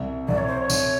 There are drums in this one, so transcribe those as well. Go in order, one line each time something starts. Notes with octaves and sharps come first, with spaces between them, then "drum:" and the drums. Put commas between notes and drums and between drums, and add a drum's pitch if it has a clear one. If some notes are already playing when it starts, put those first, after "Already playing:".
Already playing: C2
C2 D5
C#5
C5
C#5
C2, drum: tambourine